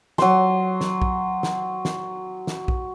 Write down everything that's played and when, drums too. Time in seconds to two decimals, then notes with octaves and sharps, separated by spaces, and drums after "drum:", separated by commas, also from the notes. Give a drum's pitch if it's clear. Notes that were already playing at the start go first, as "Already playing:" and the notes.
0.18 F#3 C6, drum: snare
0.81 drum: snare
1.02 drum: kick A#1
1.43 drum: snare
1.85 drum: snare
2.47 drum: snare
2.68 drum: kick A#1